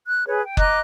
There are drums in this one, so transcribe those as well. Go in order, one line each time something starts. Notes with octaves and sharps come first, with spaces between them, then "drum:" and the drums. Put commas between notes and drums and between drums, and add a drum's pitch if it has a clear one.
F#6
G#4 B4 C#5
G5
D#5 A#5 D6 F#6, drum: kick F#1